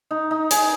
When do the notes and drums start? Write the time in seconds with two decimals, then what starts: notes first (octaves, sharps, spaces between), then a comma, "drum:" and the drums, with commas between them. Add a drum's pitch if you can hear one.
0.11 D#4
0.31 D#4
0.51 G#4, drum: hi-hat